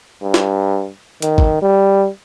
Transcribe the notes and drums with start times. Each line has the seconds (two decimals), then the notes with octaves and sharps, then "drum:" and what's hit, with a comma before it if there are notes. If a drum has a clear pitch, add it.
0.22 G2
0.34 drum: snare
1.22 D#3, drum: hi-hat
1.38 drum: kick
1.62 G3